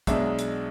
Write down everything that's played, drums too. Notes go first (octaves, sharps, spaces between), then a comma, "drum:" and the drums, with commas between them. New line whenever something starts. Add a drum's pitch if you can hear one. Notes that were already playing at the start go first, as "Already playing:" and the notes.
B1 B2 G#3 D4 E5, drum: kick, hi-hat
drum: hi-hat